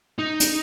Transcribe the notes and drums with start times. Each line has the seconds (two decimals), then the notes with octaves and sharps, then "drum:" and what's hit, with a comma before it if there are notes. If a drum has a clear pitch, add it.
0.19 D#4
0.40 drum: hi-hat